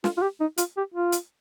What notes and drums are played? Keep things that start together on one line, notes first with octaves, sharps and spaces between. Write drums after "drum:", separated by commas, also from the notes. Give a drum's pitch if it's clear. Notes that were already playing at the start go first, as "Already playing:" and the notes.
F4, drum: snare
F4
G4
D#4
F4, drum: hi-hat
G4
F4
drum: hi-hat